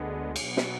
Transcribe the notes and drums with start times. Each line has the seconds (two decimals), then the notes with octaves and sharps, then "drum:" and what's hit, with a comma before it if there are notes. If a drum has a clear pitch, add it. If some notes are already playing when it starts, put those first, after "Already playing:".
Already playing: D2 D3 G#3 B3
0.36 B2 F#3 B3, drum: cymbal
0.57 drum: snare